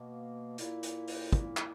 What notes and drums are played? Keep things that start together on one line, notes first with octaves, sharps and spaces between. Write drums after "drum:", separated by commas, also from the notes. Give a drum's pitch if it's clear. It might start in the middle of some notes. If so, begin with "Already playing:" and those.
Already playing: B2 A#3
A#2 A#3 E4, drum: hi-hat
drum: hi-hat
drum: open hi-hat
A#2 A#3, drum: kick, hi-hat
drum: clap